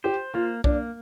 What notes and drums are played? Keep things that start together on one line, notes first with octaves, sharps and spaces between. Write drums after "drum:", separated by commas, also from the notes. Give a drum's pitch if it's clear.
G4 C5
A#3 F4
A#3 D4, drum: kick